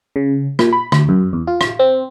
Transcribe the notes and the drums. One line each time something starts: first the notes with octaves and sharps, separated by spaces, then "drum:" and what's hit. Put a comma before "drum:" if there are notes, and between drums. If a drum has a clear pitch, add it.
C#3
A#2, drum: rim click
B5
D2, drum: rim click
F#2
E2
F4
drum: rim click
C4